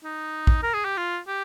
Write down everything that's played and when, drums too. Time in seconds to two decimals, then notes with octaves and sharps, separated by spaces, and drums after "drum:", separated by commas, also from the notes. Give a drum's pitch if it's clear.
0.04 D#4
0.47 drum: kick A#1
0.63 A#4
0.74 G#4
0.85 G4
0.97 F4
1.27 G4